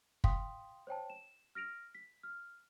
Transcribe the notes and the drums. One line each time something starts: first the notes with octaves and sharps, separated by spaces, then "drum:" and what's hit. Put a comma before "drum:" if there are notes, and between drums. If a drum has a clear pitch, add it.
F5 G5 C6 D#6 B6, drum: kick
C5 C#5 G5 A5
E7
F6 A#6 D7 F7
B6
F6